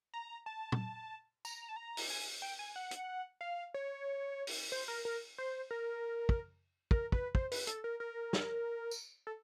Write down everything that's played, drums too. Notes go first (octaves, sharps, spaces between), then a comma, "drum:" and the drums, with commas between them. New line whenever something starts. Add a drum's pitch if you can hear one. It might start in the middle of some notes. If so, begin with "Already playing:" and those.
A#5
A5
drum: tom A#2
A#5, drum: tambourine
A5
A#5
drum: open hi-hat
G#5
G5
G#5
F#5
drum: hi-hat
F5
C#5
drum: open hi-hat
C5
A#4
A#4
C5
A#4
drum: kick
A#4, drum: kick
B4, drum: kick
C5, drum: kick
B4, drum: open hi-hat
A4, drum: hi-hat
A#4
A#4
drum: snare
drum: tambourine
A4